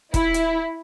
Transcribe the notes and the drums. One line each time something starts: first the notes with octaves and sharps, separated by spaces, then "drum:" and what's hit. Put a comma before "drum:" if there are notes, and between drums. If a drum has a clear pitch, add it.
E4, drum: kick E1, hi-hat
drum: hi-hat